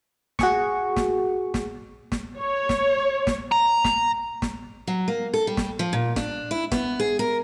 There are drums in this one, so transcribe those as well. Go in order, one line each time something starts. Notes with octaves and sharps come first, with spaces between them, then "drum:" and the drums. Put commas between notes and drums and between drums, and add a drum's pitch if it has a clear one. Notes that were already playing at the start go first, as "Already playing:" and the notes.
F#4 G#4 C#6, drum: snare
drum: snare
drum: snare
drum: snare
C#5
drum: snare
drum: snare
A#5
drum: snare
drum: snare
F#3
A#3
A4
G3
drum: snare
F3
A#2
D4, drum: snare
E4
B3, drum: snare
G#4
A#4